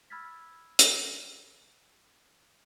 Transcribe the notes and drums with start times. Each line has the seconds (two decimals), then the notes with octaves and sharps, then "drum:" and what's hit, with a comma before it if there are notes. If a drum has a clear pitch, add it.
0.10 B5 E6 F6 G#6 A6 B6
0.79 drum: hi-hat